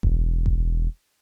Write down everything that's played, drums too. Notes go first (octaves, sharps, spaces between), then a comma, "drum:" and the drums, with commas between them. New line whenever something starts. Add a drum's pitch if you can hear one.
E1, drum: kick A1
drum: kick A1